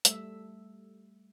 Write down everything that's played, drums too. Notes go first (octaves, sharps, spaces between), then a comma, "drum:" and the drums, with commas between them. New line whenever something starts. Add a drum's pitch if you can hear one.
G3 A3 E5, drum: hi-hat